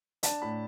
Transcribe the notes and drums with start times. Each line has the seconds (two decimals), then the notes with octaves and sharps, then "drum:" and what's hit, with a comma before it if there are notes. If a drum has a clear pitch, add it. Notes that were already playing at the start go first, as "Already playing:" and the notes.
0.23 D4 A5, drum: hi-hat
0.42 A2 B5